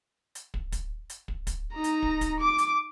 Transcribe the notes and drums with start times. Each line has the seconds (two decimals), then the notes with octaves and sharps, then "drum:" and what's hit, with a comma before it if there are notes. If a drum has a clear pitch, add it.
0.35 drum: hi-hat
0.54 drum: kick
0.72 drum: kick, hi-hat
1.10 drum: hi-hat
1.28 drum: kick
1.47 drum: kick, hi-hat
1.74 D#4 A#5
1.84 drum: hi-hat
2.03 drum: kick
2.21 drum: kick, hi-hat
2.40 D6
2.58 drum: hi-hat